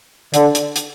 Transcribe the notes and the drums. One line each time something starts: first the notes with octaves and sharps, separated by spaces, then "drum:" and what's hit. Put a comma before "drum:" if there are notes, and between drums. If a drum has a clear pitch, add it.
D3, drum: hi-hat
drum: hi-hat
drum: hi-hat